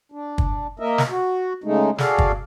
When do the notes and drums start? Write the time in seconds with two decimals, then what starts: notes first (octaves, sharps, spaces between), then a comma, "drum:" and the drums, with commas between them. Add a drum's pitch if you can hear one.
0.12 D4
0.38 drum: kick
0.80 A#3 A#4 D#5 E5
0.98 drum: snare
1.10 F#4
1.64 C#3 G#3 A3 D#4
1.98 F#4 G#4 A4 D5 F5, drum: snare
2.18 drum: kick